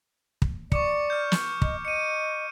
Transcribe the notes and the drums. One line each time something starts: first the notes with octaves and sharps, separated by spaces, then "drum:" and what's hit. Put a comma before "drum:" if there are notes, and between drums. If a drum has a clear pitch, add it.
drum: kick
D5 C#6 D6 C#7, drum: kick
F6 G6
drum: snare
D#5, drum: kick
D#5 C#7 D#7